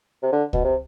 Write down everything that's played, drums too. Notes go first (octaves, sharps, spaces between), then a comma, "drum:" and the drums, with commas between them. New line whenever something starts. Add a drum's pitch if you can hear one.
C3
D3
B2, drum: kick C#2
C3